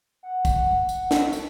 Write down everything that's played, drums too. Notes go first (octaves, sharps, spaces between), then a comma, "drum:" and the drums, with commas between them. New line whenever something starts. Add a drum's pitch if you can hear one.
F#5
drum: kick, tambourine
drum: tambourine
drum: snare
drum: tambourine